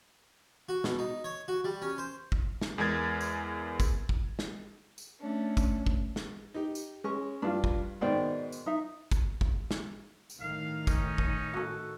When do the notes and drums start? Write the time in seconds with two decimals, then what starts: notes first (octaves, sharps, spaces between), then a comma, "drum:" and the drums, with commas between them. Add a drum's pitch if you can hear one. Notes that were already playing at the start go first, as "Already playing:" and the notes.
0.69 F#4
0.84 B2, drum: snare
0.99 D#4
1.24 C#5
1.48 F#4
1.64 G3
1.82 C#4
1.98 C5
2.32 drum: kick
2.61 drum: snare
2.78 E2 G#3 G#4 A#4 G#6 A6
3.21 drum: tambourine
3.80 drum: kick, tambourine
4.09 drum: kick
4.39 drum: snare
4.98 drum: tambourine
5.19 A3 C#4 D4
5.57 drum: kick, tambourine
5.86 drum: kick
6.16 drum: snare
6.54 D#4 G4
6.75 drum: tambourine
7.04 G#3 C#4 C#6
7.42 G2 D4 E4 F4
7.64 drum: kick
8.01 G#2 B2 D#3 C5 D5 G5
8.52 drum: tambourine
8.66 D#4 E5
9.12 drum: kick, tambourine
9.41 drum: kick
9.71 drum: snare
10.30 drum: tambourine
10.40 A2 D#3 F5
10.87 C#4 D#4, drum: kick, tambourine
11.18 drum: kick
11.54 F#4 A4